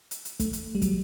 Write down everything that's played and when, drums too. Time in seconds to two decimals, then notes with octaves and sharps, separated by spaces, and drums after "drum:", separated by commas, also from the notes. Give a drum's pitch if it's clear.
0.11 drum: hi-hat
0.25 drum: hi-hat
0.40 A3, drum: kick, hi-hat
0.53 drum: hi-hat
0.75 G3
0.82 F#3, drum: kick, hi-hat